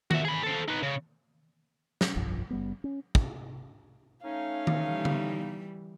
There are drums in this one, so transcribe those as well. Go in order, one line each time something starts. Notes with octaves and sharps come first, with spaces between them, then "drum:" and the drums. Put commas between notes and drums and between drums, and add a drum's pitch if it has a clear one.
F#4 E5, drum: tom D#3
G#4 B5
A4 C5
D#4 B4
C#3
drum: snare
F1 B1 G2 F3
F#1 G3 B3
C#4
drum: kick
A3 C#4 D#4 F5
drum: tom D#3
E3 G3
drum: tom D3